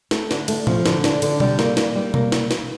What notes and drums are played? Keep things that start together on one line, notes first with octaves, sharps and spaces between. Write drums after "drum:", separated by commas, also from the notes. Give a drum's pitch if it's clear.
A3, drum: snare
D3, drum: snare
A3, drum: cymbal
F3, drum: tom A2
D3, drum: snare
D4, drum: snare
D3, drum: cymbal
G3, drum: tom B2
A#3, drum: snare
A#3, drum: snare
G3
A#3, drum: tom B2
drum: snare
drum: snare